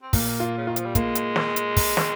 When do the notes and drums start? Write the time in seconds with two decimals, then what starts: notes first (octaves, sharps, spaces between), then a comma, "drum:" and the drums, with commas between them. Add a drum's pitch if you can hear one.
0.03 C4
0.13 A#2 A#3, drum: kick, open hi-hat
0.40 F4
0.57 C#3
0.67 D#3 F4
0.76 F3, drum: hi-hat
0.85 G3
0.95 G#3 A#3, drum: kick, hi-hat
1.15 drum: hi-hat
1.36 drum: snare
1.56 drum: hi-hat
1.77 drum: kick, open hi-hat
1.97 drum: snare